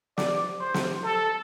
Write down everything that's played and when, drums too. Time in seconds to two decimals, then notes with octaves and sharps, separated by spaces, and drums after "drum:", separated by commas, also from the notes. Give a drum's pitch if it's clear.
0.18 D5, drum: snare
0.60 C5
0.74 drum: snare
1.03 A4